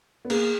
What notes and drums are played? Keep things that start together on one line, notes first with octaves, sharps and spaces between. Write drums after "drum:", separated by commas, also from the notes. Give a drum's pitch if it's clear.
B3
A#3 G#4, drum: cymbal